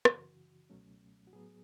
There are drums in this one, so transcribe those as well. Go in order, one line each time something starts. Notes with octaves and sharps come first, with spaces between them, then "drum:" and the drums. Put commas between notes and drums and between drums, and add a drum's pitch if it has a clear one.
F#2 C#3 E3 F#4, drum: rim click
C#2 B2 F#3 A3 C#4
F#4
A2 F#3 B3 G#4